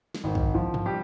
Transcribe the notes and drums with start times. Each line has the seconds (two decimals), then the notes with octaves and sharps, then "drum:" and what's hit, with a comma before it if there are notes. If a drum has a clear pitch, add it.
0.15 drum: snare
0.24 G#1
0.35 drum: kick
0.54 F3
0.74 drum: tom G2
0.86 G3 G4